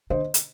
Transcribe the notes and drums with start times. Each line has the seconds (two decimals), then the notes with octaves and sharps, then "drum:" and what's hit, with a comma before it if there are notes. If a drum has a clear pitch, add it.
0.10 D3 C5 D#5
0.34 drum: hi-hat